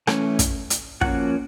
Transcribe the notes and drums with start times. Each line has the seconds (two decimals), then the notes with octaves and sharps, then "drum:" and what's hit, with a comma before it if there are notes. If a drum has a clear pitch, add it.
0.07 E3 A3 C#4, drum: rim click
0.39 drum: kick, hi-hat
0.70 drum: hi-hat
1.01 F3 A#3 C#4 F#4 F#5, drum: kick